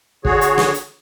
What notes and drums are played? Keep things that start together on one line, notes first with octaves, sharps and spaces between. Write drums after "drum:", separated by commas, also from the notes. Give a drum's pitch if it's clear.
D3 F#4 G#4 C#5, drum: kick
drum: hi-hat
drum: snare
drum: hi-hat